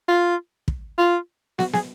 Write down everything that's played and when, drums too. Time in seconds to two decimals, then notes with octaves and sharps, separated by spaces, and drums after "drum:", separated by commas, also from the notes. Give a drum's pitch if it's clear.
0.08 F4
0.68 drum: kick
0.98 F4
1.59 F#4, drum: snare
1.73 G#4, drum: snare